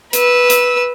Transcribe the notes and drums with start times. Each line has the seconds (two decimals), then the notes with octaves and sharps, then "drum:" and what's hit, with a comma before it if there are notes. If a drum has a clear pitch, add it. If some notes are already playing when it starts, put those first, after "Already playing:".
0.13 B4 E6, drum: hi-hat
0.50 drum: hi-hat